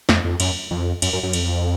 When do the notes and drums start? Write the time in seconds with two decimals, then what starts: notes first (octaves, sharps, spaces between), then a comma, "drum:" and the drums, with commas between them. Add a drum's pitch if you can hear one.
0.09 F2, drum: snare
0.24 F2
0.40 F#2, drum: cymbal
0.71 F2
1.02 F#2, drum: cymbal
1.13 F#2
1.23 F#2
1.33 F2, drum: cymbal